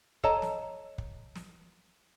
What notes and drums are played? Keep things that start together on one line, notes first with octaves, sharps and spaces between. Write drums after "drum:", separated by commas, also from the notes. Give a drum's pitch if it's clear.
A4 C#5 D#5 A5 A#5, drum: kick
drum: snare
drum: kick
drum: snare